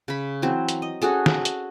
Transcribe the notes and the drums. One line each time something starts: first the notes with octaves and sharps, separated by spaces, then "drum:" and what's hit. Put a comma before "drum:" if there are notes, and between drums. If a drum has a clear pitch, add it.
C#3 B5
E3 F#3 C4
drum: hi-hat
D#5
C#4 F#4 G#4 A4
F#4, drum: snare
drum: hi-hat